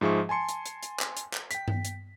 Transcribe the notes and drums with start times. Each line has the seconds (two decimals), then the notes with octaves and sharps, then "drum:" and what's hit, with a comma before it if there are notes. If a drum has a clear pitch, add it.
0.01 G#2 F3 G#4 E5 C#6
0.29 G#5 A5 C6 C#7
0.49 drum: hi-hat
0.66 drum: hi-hat
0.83 drum: hi-hat
1.00 drum: clap
1.17 drum: hi-hat
1.34 drum: clap
1.51 G5 B6, drum: hi-hat
1.68 drum: tom G2
1.85 drum: hi-hat